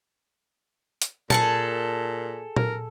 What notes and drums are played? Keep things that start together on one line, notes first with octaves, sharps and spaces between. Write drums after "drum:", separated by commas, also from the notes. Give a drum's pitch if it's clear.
drum: hi-hat
A#2 G#4 A4 A5, drum: tom A#2
A#4, drum: tom A#2